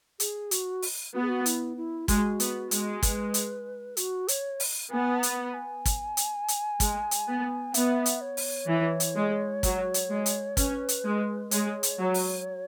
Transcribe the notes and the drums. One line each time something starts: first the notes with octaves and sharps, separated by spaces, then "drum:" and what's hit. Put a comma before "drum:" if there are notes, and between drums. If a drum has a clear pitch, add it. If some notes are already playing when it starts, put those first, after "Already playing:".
G#4, drum: hi-hat
F#4, drum: hi-hat
drum: open hi-hat
B3 F#4
G#4
F#4
E4, drum: hi-hat
E4
G#3 F#4, drum: kick, hi-hat
B3, drum: hi-hat
G#3, drum: hi-hat
B4, drum: kick, hi-hat
drum: hi-hat
F#4, drum: hi-hat
C#5, drum: hi-hat
drum: open hi-hat
B3 G#5
B5, drum: hi-hat
G#5
drum: kick, hi-hat
drum: hi-hat
drum: hi-hat
G#3, drum: kick, hi-hat
drum: hi-hat
B3
B3 E5, drum: hi-hat
drum: hi-hat
C#5
drum: open hi-hat
E3
drum: hi-hat
G#3
F#3, drum: kick, hi-hat
drum: hi-hat
G#3
drum: hi-hat
C#4 B4, drum: kick, hi-hat
drum: hi-hat
G#3
G#3 C#5, drum: hi-hat
drum: hi-hat
F#3
drum: open hi-hat